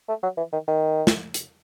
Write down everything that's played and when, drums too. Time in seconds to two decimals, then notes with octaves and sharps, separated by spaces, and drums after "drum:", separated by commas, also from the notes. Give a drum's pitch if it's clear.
0.09 A3
0.23 F#3
0.38 E3
0.53 D#3
0.68 D#3
1.07 drum: snare
1.34 drum: hi-hat